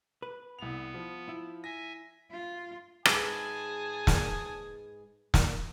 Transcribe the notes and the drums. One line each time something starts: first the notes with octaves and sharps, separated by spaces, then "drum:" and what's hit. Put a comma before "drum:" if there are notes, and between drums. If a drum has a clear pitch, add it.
B4
C2 B3 F7
F3
E4
E5 G#5 A#6
F4
G#2 G#4 B4 G#5 A5 D#6, drum: rim click
drum: snare
drum: snare